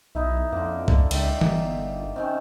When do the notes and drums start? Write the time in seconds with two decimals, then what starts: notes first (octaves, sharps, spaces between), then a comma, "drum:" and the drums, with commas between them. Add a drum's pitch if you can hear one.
0.15 B1 D#4 E4 E5
0.52 F2 D3 A#3
0.88 D3, drum: kick
1.11 C#2 D#3 E5, drum: cymbal
1.41 G1, drum: tom E3
2.16 C3 D#3 C#4